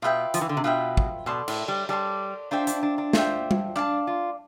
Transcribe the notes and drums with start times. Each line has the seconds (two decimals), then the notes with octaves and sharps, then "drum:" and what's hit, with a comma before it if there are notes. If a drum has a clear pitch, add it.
0.02 B2 F4 B4 E5 G5
0.34 F3, drum: hi-hat
0.41 E3
0.49 D3
0.57 C3
0.64 B2 F4 B4 E5 G5
0.97 drum: kick
1.26 B2 A4 D5 A5 C6
1.48 A2, drum: cymbal
1.68 G3
1.89 G3 A4 D5 A5 C6
2.51 D4 F4 C5 E5 G5
2.67 D4, drum: hi-hat
2.83 D4
2.98 D4
3.13 F4 C5 E5 G5, drum: snare
3.51 drum: tom G3
3.76 D4 D5 F5 A5
4.07 F4